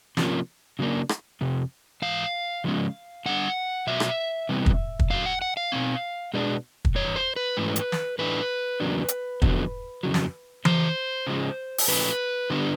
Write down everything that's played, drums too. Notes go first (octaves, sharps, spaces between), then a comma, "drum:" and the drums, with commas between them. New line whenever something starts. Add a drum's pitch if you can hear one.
C3 F3 A#3 C#4, drum: snare
C#3 F#3 A#3 D4
drum: rim click
F2 C3
G#2 E3 F5
C#3 F3 G#3 C#4
D3 G3 B3 D4 F#5
B2 F#3 B3 E5
drum: rim click
C3 E3 G3 B3
drum: kick
drum: kick
F#2 D3 F#3 F5
F#5
F#5
F5
B2 G3 C4
B2 G#3 B3 D4
drum: kick
G2 E3 C#5
C5
B4
G#2 E3 A3 C#4
drum: hi-hat
drum: snare
A2 E3 A3 D4 B4
E2 C#3 F#3 A#3 D4
drum: hi-hat
F2 D3 F#3 B3, drum: kick
F2 C#3 F#3
drum: snare
F2 C#3 C5, drum: tom E3
C#3 F3 G#3
drum: open hi-hat
A#2 F3 A3 C#4 B4
D3 G3 B3 D4